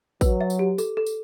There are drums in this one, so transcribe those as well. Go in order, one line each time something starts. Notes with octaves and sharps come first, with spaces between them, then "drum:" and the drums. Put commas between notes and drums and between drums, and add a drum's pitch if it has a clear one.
F#3 B4, drum: kick, tambourine
E5
drum: tambourine
G4
A4, drum: tambourine
A4
drum: tambourine